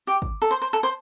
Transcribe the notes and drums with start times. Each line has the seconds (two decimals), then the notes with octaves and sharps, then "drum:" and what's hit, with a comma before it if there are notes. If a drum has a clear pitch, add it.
0.07 G4
0.22 drum: kick
0.42 A4
0.51 C5
0.62 C5
0.73 A4
0.83 C5